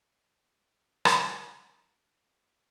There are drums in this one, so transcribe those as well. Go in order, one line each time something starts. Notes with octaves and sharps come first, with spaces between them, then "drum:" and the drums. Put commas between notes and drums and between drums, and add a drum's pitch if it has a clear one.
drum: rim click
F3 A3 B3 D#4